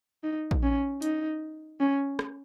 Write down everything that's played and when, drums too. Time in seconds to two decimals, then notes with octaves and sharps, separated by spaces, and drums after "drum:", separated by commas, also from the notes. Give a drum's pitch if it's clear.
0.24 D#4
0.51 drum: kick A#1
0.63 C#4
1.02 D#4, drum: hi-hat
1.80 C#4
2.19 drum: rim click